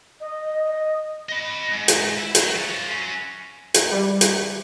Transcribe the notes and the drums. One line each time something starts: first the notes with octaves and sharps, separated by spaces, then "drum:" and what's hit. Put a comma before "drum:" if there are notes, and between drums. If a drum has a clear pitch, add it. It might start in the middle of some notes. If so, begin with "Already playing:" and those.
D#5
D#5
D#5 B5
G#2
drum: hi-hat
E4
F#3, drum: hi-hat
F4 C#5
F#3 C#4
drum: hi-hat
G3
drum: hi-hat